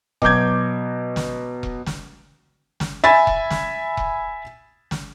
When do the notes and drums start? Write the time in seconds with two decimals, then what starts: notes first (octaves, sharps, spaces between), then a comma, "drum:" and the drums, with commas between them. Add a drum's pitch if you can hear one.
0.22 B2 F#3 D6 G6 G#6, drum: kick E1
1.16 drum: snare
1.63 drum: kick E1
1.86 drum: snare
2.80 drum: snare
3.04 E5 G#5 B5 A6
3.27 drum: kick E1
3.50 drum: snare
3.97 drum: kick E1
4.91 drum: snare